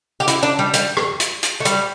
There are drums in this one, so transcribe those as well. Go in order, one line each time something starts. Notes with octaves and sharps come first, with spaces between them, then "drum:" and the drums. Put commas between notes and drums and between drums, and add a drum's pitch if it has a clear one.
G4
E4, drum: hi-hat
D4
G3
G3, drum: hi-hat
drum: rim click
drum: hi-hat
drum: hi-hat
A3
G3, drum: hi-hat